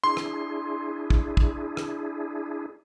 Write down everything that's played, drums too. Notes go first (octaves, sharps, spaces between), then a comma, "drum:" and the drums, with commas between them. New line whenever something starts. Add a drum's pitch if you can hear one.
D4 E4 G#4 C6
drum: rim click
drum: kick
drum: kick
drum: rim click